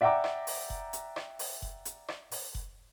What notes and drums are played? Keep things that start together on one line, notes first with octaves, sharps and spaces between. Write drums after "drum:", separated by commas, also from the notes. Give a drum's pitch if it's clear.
D5 E5 F#5 G5 A#5 D6
drum: rim click
drum: open hi-hat
drum: kick F1
drum: hi-hat
drum: rim click
drum: open hi-hat
drum: kick F1
drum: hi-hat
drum: rim click
drum: open hi-hat
drum: kick F1